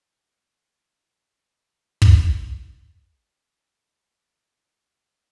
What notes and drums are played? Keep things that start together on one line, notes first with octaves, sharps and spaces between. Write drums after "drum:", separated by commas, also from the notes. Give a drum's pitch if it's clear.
D3 A3
drum: kick
B4 F5 C#6